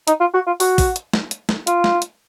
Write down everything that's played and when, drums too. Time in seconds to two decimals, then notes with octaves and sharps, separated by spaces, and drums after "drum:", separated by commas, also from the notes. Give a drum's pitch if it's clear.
0.07 D#4, drum: hi-hat
0.20 F4
0.34 F#4
0.47 F4
0.60 F#4, drum: open hi-hat
0.78 drum: kick, open hi-hat
0.96 drum: hi-hat
1.13 drum: snare
1.31 drum: hi-hat
1.49 drum: snare
1.67 F4, drum: hi-hat
1.84 drum: snare
2.02 drum: hi-hat